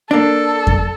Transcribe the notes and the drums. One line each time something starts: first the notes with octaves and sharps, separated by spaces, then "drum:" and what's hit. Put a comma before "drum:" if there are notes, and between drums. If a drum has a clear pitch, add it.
A#3 D4 A4
drum: kick F2